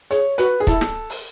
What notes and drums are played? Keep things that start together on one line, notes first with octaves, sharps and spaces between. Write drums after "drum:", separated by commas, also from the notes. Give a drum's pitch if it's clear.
G#4 C#5, drum: hi-hat
F#4 B4, drum: hi-hat
G#4
E4 A4, drum: kick, hi-hat
drum: snare
drum: open hi-hat